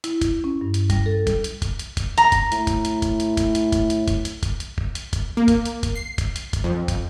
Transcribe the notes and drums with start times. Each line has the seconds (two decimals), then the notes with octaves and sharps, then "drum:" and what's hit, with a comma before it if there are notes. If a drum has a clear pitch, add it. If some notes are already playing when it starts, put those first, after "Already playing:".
0.04 E4, drum: hi-hat
0.21 drum: kick, hi-hat
0.44 C#4
0.61 G2
0.74 drum: hi-hat
0.90 G3, drum: kick, hi-hat
1.06 A4
1.27 drum: kick, hi-hat
1.44 drum: hi-hat
1.62 drum: kick, hi-hat
1.79 drum: hi-hat
1.97 drum: kick, hi-hat
2.18 A#5, drum: hi-hat
2.32 drum: kick, hi-hat
2.52 A2, drum: hi-hat
2.67 drum: kick, hi-hat
2.85 drum: hi-hat
3.02 drum: kick, hi-hat
3.20 drum: hi-hat
3.37 drum: kick, hi-hat
3.55 drum: hi-hat
3.72 drum: kick, hi-hat
3.90 drum: hi-hat
4.08 drum: kick, hi-hat
4.25 drum: hi-hat
4.43 drum: kick, hi-hat
4.60 drum: hi-hat
4.78 drum: kick
4.95 drum: hi-hat
5.13 drum: kick, hi-hat
5.37 A#3
5.48 drum: kick, hi-hat
5.66 drum: hi-hat
5.83 drum: kick, hi-hat
5.95 C7
6.18 drum: kick, hi-hat
6.36 drum: hi-hat
6.53 drum: kick, hi-hat
6.64 F2
6.88 drum: kick, hi-hat